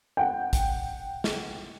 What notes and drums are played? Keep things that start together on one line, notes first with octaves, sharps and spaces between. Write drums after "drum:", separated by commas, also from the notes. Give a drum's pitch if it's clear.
F#5 G5
drum: kick, hi-hat
drum: snare